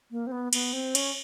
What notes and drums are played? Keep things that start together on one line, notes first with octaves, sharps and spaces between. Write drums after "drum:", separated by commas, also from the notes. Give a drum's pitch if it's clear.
A#3
C4
B3
B3, drum: cymbal
C4
C#4, drum: cymbal